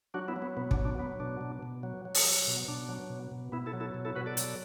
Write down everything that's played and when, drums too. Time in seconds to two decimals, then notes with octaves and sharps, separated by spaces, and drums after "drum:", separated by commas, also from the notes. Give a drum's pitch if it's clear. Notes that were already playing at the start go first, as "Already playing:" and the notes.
0.14 F#3 D4 F#4
0.28 B3 E4
0.36 F#3
0.42 B3
0.57 B2 B3
0.71 D4, drum: kick
0.78 F#3
0.85 D4
0.98 F#3 B3
1.20 B2 D4
1.41 B2
1.63 B2
1.83 F#3
2.05 F#3
2.14 drum: open hi-hat
2.26 F#3
2.47 B2
2.68 B2 D4
2.89 F#3
3.10 B2
3.32 B2
3.52 B2 B3 E4
3.66 E4 A4
3.73 F#3
3.80 E4 A4
3.94 B2
4.05 E4 A4
4.16 B2 F#4 B4
4.26 A4 D5
4.37 F#3, drum: hi-hat